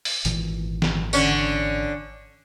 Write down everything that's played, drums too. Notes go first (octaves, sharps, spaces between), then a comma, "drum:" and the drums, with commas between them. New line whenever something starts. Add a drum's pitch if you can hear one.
drum: open hi-hat
G#1 A#2 E3, drum: hi-hat
drum: snare
D3 C#4, drum: tambourine